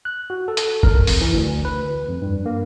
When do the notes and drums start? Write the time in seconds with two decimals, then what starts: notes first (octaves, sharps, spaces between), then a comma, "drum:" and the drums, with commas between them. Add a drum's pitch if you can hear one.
0.05 F#6
0.30 F#4
0.48 A4
0.57 drum: hi-hat
0.83 A#4, drum: kick
1.07 F2, drum: open hi-hat
1.21 E3
1.34 D2
1.65 B4
2.09 F2
2.22 G2
2.46 A#3